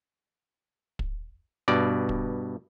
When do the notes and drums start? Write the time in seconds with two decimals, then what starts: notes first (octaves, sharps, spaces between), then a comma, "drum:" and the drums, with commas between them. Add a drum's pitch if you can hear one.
0.99 drum: kick
1.68 G2 B2 D5
2.09 drum: kick